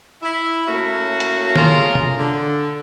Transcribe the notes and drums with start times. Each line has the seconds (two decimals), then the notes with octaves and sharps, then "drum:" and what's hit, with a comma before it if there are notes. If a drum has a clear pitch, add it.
0.22 E4
0.67 A2 A3 A#3 C#4 F#4
1.20 drum: hi-hat
1.56 A3 C#4 F4 G#4 A#4, drum: snare
1.95 drum: tom C3
2.16 D3